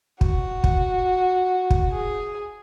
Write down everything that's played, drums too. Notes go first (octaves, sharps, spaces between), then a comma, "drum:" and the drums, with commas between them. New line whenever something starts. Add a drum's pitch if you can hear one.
F#4, drum: kick
drum: kick
drum: kick
G#4